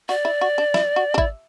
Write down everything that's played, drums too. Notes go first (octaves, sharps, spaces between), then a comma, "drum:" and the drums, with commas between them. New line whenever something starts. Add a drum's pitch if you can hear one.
F#4 D5
E4
F#4
D4
E4, drum: snare
F#4
D4
E4, drum: kick